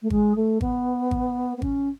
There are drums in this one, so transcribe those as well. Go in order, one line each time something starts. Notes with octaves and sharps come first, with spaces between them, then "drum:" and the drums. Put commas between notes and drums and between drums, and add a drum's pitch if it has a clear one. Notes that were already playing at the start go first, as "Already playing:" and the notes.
A3
G#3, drum: kick G#1
A3
B3, drum: kick G#1
drum: kick G#1
B3
C#4, drum: kick G#1